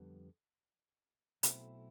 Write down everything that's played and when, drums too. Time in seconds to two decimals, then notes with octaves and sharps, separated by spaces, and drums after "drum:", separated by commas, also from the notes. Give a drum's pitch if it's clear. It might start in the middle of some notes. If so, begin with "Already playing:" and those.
Already playing: F2 D3 G3 B3
1.43 B1 B2 A3 C4 E4, drum: hi-hat